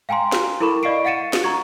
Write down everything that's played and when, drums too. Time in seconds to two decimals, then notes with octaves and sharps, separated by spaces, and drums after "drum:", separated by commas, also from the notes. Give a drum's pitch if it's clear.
0.09 F5 G5 G#5 A#5 C6
0.32 drum: snare
0.60 E4 A4 A#4 B5 C#6 E7
0.83 D5 D#5 F5 C#6 C7 D7
1.05 F5 F#5 A6 C#7 D#7 E7
1.33 drum: snare
1.44 A#5 C#6 G#6